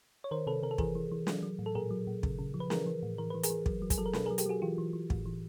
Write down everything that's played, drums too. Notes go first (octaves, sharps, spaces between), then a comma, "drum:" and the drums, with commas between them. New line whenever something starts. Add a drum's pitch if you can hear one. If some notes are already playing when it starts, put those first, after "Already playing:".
C#5
D#3 A#4 C5
C3 A4 B4
C3 A#4
A4
E3 G#4 A#4, drum: kick
E3
E3
F#3, drum: snare
F#3
A2
A4
A#2 G#4 A#4
F#3
A#2
C#3, drum: kick
C#3
F3
B4
E3 G#4 A#4, drum: snare
E3
A2
E3 A#4
E3 B4
G#4 A#4, drum: hi-hat
E3
F#3, drum: kick
F#3
G#4, drum: kick, hi-hat
F#3 A4
A#4
B2 A4 B4, drum: snare
F#3 G#4 A#4
G4 A4, drum: hi-hat
F#3 F#4 G#4
E3 F4 G4
E3
E3
A2, drum: kick
E3